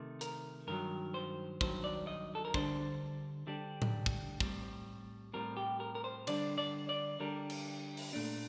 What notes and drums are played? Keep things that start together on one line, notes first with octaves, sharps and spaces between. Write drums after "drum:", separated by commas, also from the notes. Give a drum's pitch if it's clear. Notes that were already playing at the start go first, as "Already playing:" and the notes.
Already playing: C3 D#3 A3
A#4, drum: hi-hat
G2 D#3 F#3 A#4
C5
G2 D#3 F#3 C5, drum: kick
D5
D#5
A4
A#4
D3 G3 D4 C5, drum: kick
D3 G3 D4
drum: tom A2
drum: kick
A2 G3 C4, drum: kick
A2 G3 C4 A#4
G4
A#4
A#4
C5
D3 G3 D4 D5, drum: cymbal
D5
D5
D3 G3 D4 A#4
drum: cymbal
drum: open hi-hat
A#2 A3 D4